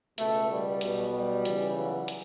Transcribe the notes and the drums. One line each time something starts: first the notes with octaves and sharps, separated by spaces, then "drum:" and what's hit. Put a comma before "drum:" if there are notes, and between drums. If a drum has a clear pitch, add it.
C#2 B2 A3, drum: hi-hat
G3
B1 B2, drum: hi-hat
G3
C#2 C#3 E3, drum: hi-hat
F#3
drum: hi-hat